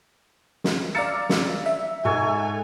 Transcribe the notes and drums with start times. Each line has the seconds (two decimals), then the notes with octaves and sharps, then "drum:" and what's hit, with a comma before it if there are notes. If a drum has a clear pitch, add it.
0.64 drum: snare
0.95 D5 F5 A#5 E6 A6 C#7
1.29 drum: snare
1.66 E5
2.05 G#2 F#4 A4 C#5 G#5